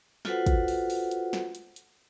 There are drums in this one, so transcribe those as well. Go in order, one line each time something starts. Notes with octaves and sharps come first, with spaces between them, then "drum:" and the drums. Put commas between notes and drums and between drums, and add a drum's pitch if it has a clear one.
F4 F#4 A4 B4 C5 F#5, drum: snare
drum: kick, hi-hat
drum: open hi-hat
drum: open hi-hat
drum: hi-hat
drum: snare
drum: hi-hat
drum: hi-hat